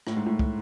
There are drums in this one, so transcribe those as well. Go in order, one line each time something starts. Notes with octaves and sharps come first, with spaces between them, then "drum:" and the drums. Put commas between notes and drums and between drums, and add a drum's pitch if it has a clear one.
A2, drum: rim click
G#2
A2
drum: kick